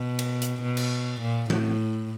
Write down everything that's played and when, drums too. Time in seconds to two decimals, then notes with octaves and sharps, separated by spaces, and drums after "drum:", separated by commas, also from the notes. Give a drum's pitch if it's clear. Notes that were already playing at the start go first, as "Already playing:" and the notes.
Already playing: B2
0.19 drum: cymbal
0.42 drum: hi-hat
0.62 B2
0.77 drum: cymbal
1.21 A#2
1.50 A2, drum: tom E3